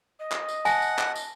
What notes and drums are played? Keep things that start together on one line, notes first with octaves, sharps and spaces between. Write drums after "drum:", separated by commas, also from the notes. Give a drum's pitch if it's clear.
D#5
drum: clap
drum: tambourine
F#5 G#5 A5 A#6, drum: tambourine
drum: tambourine
drum: clap
drum: tambourine